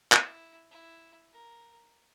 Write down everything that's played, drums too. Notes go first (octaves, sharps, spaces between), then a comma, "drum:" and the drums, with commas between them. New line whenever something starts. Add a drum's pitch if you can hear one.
E4, drum: clap
E4
A#4